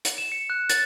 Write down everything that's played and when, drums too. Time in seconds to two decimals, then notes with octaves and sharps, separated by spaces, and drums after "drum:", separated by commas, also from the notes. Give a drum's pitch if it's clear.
0.05 drum: hi-hat
0.18 E7
0.32 C#7
0.50 F#6
0.70 A6, drum: hi-hat